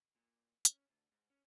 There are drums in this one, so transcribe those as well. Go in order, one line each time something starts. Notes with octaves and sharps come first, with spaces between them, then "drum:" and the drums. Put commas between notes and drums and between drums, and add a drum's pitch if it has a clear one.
A#2
C#4, drum: hi-hat
D2
G#2
C#4